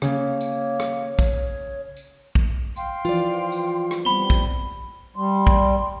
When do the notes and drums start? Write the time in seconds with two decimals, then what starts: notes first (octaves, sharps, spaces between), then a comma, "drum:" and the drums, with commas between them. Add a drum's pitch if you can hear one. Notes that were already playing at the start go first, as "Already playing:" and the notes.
0.02 C#3 A#3 C#5, drum: rim click
0.41 drum: tambourine
0.80 drum: rim click
1.19 drum: kick, tambourine
1.96 drum: tambourine
2.35 drum: kick
2.76 F5 G5 C6, drum: tambourine
3.05 E3 F3 F4 D5
3.52 drum: tambourine
3.91 drum: rim click
4.05 G3 B3 C4 B5 G7
4.30 drum: kick, tambourine
5.16 G3 C6
5.47 drum: kick